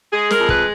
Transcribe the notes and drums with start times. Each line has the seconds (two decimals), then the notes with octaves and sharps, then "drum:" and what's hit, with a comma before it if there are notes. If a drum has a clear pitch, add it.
0.13 G#3 G#4
0.30 A#4, drum: snare
0.39 F2
0.49 B4, drum: kick